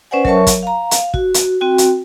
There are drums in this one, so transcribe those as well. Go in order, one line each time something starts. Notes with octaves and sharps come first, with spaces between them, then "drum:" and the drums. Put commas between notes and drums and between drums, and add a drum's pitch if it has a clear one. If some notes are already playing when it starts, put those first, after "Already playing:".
C#4 B4 C5 D5 F#5 G#5
F#3 A#4 C#5 E5 A5 C#6, drum: kick
drum: kick, hi-hat
F5 A#5
F5, drum: hi-hat
F#4, drum: kick
drum: hi-hat
C4 F#4 G5
drum: hi-hat